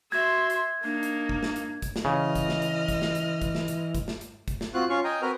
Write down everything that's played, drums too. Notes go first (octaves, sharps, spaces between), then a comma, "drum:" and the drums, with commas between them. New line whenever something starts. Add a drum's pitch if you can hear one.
F#4 E5 C6 G#6
drum: hi-hat
A#3 D4 D#4
drum: hi-hat
drum: kick
drum: snare
drum: hi-hat
drum: kick, hi-hat
drum: snare
C#3 E3 D#5 F6
drum: kick, hi-hat
drum: snare
drum: hi-hat
drum: kick, hi-hat
drum: snare
drum: hi-hat
drum: kick, hi-hat
drum: snare
drum: hi-hat
drum: kick, hi-hat
drum: snare
drum: hi-hat
drum: kick, hi-hat
drum: snare
C4 F4 F#4 F#6
C#4 F4 F5 C#6
D#5 G5 G#5 A#5
C4 F#4 A#4 B4 A#5 F6